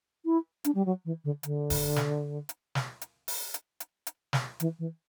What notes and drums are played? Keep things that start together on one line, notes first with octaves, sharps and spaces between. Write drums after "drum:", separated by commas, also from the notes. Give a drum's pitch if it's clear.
E4
D4, drum: hi-hat
G3
F#3
E3
D3
D3, drum: hi-hat
drum: kick F1, open hi-hat
drum: snare
drum: hi-hat
drum: snare
drum: hi-hat
drum: open hi-hat
drum: hi-hat
drum: hi-hat
drum: hi-hat
drum: snare
E3, drum: hi-hat
E3